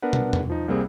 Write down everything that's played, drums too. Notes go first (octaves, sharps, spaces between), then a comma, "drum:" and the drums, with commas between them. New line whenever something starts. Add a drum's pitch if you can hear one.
B3 D4 A#4 B4 F#5
drum: tom
drum: tom
F3 D#4
C2 G3 A#3 C4 G#4